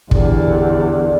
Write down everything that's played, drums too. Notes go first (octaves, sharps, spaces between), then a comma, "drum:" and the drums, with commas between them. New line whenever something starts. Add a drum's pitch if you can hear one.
E2 D3 G4 D5, drum: kick